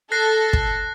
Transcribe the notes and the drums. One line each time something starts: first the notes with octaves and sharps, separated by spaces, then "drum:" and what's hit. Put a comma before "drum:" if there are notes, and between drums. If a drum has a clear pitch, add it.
A4 F#6 A#6 C7
drum: kick